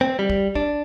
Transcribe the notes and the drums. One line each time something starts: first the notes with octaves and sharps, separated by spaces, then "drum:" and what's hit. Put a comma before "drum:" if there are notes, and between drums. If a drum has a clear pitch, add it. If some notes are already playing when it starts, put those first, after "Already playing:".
C4
G3
drum: kick
D4, drum: kick